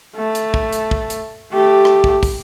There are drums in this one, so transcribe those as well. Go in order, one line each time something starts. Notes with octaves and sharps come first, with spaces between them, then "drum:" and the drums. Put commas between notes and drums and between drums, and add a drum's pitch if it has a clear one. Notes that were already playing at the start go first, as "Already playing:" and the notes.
A3
drum: hi-hat
drum: kick
drum: hi-hat
drum: kick
drum: hi-hat
A3 G4
drum: rim click
drum: kick
drum: kick, open hi-hat